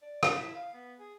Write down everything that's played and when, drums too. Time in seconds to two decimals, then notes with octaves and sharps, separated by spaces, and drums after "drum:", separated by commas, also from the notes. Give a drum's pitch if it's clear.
0.02 D5
0.23 F5, drum: rim click
0.36 E4
0.55 F5
0.74 B3
0.99 G#4